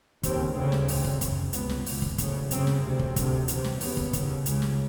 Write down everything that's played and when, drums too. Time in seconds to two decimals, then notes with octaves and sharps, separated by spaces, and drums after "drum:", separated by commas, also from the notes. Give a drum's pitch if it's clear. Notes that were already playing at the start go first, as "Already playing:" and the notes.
0.23 D#2 C#3 C4, drum: kick, hi-hat
0.55 D2 C#3 C4
0.72 drum: snare
0.88 D2 C#3 C4, drum: open hi-hat
1.04 drum: kick
1.21 F#2 C#3, drum: kick, hi-hat
1.53 C#2 C3 B3, drum: hi-hat
1.69 drum: snare
1.86 C#2 B2, drum: open hi-hat
2.02 drum: kick
2.18 D2 C#3, drum: kick, hi-hat
2.51 F#2 C#3 C4, drum: hi-hat
2.67 drum: snare
2.83 D2 C3 C4
2.99 drum: kick
3.16 D2 C3, drum: kick, hi-hat
3.48 E2 C3, drum: hi-hat
3.64 drum: snare
3.81 D#2 C#3 B3, drum: open hi-hat
3.97 drum: kick
4.13 D#2 C#3, drum: kick, hi-hat
4.46 C#2 C#3, drum: hi-hat
4.62 drum: snare